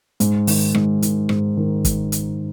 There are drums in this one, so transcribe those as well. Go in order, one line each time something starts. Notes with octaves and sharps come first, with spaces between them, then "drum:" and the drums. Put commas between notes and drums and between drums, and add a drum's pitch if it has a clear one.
G#2, drum: hi-hat
D#3, drum: open hi-hat
G#2, drum: rim click
D#3, drum: hi-hat
G#2, drum: rim click
D#3
drum: kick F#1, hi-hat
drum: hi-hat